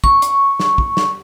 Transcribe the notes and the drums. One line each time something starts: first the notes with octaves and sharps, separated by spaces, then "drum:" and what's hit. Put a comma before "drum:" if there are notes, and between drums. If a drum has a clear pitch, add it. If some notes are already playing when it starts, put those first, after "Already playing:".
C#6, drum: kick
drum: hi-hat
drum: snare
drum: kick
drum: snare